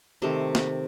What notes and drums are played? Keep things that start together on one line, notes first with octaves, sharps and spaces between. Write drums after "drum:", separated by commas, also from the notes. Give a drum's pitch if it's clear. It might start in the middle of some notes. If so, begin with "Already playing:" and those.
C3 D#3 A3 C6
drum: snare